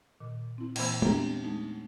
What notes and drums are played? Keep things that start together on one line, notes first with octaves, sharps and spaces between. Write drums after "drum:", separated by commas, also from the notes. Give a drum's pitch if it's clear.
A#2 D#3
C4 E4
A#2 E3 A#3 C5 B5 E6, drum: cymbal
E2 B3 D4 G4 A#5, drum: tom G#3
C4
G#3 A3 D#4